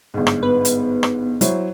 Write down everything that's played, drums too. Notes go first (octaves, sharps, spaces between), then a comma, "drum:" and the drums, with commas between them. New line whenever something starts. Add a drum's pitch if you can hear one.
G1 G#2
drum: rim click
B3 B4
drum: hi-hat
drum: rim click
F#3 E4 C5, drum: hi-hat